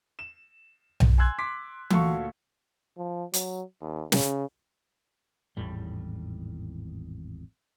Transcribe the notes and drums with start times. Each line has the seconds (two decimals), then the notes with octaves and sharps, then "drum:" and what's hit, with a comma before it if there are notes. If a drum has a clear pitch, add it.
0.19 E7
1.00 drum: tom B1
1.18 G#5 C6 E6 F#6 G#6
1.38 C6 D6 B6
1.90 D2 A#2 F#4 A4 F5 C#6, drum: tom E3
2.97 F3
3.34 F#3, drum: hi-hat
3.81 D#2
4.12 C#3, drum: snare
5.57 G#1 E2 A2 G3